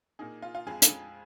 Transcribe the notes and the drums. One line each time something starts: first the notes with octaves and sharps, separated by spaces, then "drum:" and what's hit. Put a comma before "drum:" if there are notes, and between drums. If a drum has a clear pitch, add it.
A#2 A#3 D#4 G#4
F4
F4
F2 F3 G#3 G#4
drum: hi-hat